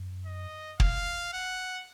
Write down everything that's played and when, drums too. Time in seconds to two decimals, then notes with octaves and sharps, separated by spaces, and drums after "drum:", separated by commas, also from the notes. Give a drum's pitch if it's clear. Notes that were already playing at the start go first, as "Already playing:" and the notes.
Already playing: F#2
0.26 D#5
0.80 F5, drum: kick
1.33 F#5